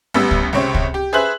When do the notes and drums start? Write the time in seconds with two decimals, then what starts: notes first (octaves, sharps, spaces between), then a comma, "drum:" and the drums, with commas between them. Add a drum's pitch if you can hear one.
0.14 A1 G3 B3 E6
0.31 drum: kick
0.53 C#2 C3 C4 C#5
0.75 drum: kick
0.94 G4
1.13 G#4 B4 C5 E5 F#6 F#7